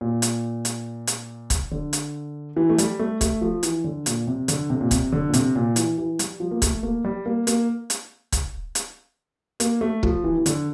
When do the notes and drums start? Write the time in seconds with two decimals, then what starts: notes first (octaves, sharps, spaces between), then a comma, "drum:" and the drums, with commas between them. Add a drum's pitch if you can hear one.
0.01 A#2
0.22 drum: hi-hat
0.65 drum: hi-hat
1.07 drum: hi-hat
1.50 drum: kick, hi-hat
1.71 D3
1.93 drum: hi-hat
2.56 E3
2.69 A3
2.78 G3, drum: hi-hat
2.99 A3
3.21 A3, drum: kick, hi-hat
3.41 F3
3.63 E3, drum: hi-hat
3.84 D3
4.06 A#2, drum: hi-hat
4.27 C3
4.48 D3, drum: hi-hat
4.70 C3
4.81 A#2
4.91 C3, drum: kick, hi-hat
5.12 D3
5.29 A#2
5.34 C3, drum: hi-hat
5.56 A#2
5.76 E3, drum: hi-hat
5.98 E3
6.19 G3, drum: hi-hat
6.40 F3
6.51 A#3
6.62 A3, drum: kick, hi-hat
6.83 A#3
7.05 G3
7.26 A#3
7.47 A#3, drum: hi-hat
7.90 drum: hi-hat
8.32 drum: kick, hi-hat
8.75 drum: hi-hat
9.60 A#3, drum: hi-hat
9.81 A3
10.03 F3, drum: kick
10.24 E3
10.38 E3
10.46 D3, drum: hi-hat